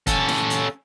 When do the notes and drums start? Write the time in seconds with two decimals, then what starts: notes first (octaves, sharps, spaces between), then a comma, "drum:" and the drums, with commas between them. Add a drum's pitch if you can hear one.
0.07 C#4 A4, drum: kick E1, hi-hat
0.28 drum: snare
0.50 drum: hi-hat